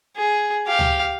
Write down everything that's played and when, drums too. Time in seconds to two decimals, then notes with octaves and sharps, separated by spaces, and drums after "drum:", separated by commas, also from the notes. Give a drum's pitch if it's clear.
0.17 G#4
0.66 G4 F5
0.79 drum: tom C#2